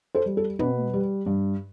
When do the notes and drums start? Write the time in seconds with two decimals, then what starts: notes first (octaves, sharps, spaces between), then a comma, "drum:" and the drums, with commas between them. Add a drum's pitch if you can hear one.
0.15 A4 C5
0.26 G3
0.37 A4
0.59 B2 B4, drum: tom
0.94 G3
1.26 G2